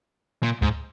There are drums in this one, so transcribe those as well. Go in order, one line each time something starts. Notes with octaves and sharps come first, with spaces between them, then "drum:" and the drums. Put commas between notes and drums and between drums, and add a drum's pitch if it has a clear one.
A#2
G#2, drum: kick